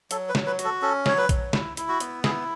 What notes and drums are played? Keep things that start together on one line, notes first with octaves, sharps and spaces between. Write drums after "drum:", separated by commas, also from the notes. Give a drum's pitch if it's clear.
F#3 A4, drum: hi-hat
B4
F#3, drum: snare
B4
F#4, drum: hi-hat
A4
C#4 A4
F#3 C#5, drum: snare
B4
F#3, drum: kick A#1, hi-hat
E4, drum: snare
E4, drum: hi-hat
F#4
B3, drum: hi-hat
E4 G#4, drum: snare